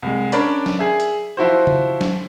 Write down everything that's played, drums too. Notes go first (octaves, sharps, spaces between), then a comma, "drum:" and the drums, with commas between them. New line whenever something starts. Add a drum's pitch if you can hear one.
C2 G#3
C#4 D4 A#4 D5 B5, drum: hi-hat
drum: snare
G#4 E5
drum: hi-hat
F3 E4 F#4 C5
drum: tom C#3
drum: snare